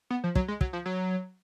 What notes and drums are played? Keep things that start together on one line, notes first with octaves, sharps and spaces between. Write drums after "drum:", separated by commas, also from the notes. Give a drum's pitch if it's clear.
B3
F3
F#3, drum: kick
G#3
F#3, drum: kick
F3
F#3